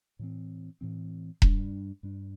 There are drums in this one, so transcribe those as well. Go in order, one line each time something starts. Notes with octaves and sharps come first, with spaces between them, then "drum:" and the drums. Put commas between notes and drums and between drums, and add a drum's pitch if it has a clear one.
A2 E3 C4
A2 E3 C4
G2 G3 D4, drum: kick E1
G2 G3 D4